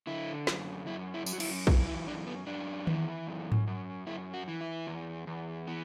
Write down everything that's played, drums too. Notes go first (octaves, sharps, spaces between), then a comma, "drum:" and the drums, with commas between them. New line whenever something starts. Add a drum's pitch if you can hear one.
D3 E4
F#2, drum: snare
F#2 E4
E4
F#3, drum: tambourine
F#4
E4, drum: cymbal
E3, drum: kick
E4
F#2 D4
B3
F#2 D4
E3, drum: tom D#3
F#2
drum: tom G#2
F#2
F#2 E4
F#4
E3
E4
E2
E2
E3 B3